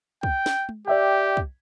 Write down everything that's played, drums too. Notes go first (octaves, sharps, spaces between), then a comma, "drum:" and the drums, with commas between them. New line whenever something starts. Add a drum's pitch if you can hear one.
G5, drum: kick
drum: snare
drum: tom
G4 D5 E5 G5
drum: kick